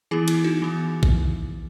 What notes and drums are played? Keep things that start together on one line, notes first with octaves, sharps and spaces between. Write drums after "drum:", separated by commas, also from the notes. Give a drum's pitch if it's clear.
E3 B3 E4 G#4
E4, drum: cymbal
D#4 F#4
E3 B3
drum: kick A#1